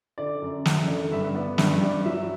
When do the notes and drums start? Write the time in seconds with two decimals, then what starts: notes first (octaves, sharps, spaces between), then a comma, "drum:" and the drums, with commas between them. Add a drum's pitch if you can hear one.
0.18 D3 D5
0.42 F#2
0.65 F#2, drum: snare
0.88 D3
1.12 G2 E5
1.35 B3 D5
1.58 G2 E5, drum: snare
1.81 G2 D5
2.05 F#3 E5